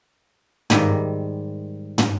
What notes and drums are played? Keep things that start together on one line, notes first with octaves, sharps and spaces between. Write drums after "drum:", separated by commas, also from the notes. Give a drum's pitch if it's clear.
G#2 D#3 G3 D#5 E5 G#5, drum: tom
drum: tom